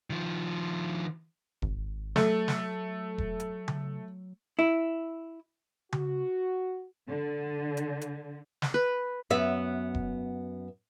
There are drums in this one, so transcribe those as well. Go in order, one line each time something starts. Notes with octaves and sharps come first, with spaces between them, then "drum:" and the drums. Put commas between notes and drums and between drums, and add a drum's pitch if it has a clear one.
D#3 F3
G#1, drum: kick E1
F#3 A3, drum: snare
drum: snare
drum: kick E1
drum: hi-hat
drum: tom C#3
E4
F#4, drum: tom C#3
D3
drum: hi-hat
drum: hi-hat
drum: snare
B4
F#2 B3 E5
drum: kick E1